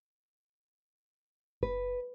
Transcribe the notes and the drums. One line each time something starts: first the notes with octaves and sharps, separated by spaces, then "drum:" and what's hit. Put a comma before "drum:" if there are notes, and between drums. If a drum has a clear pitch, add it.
B4, drum: kick F#1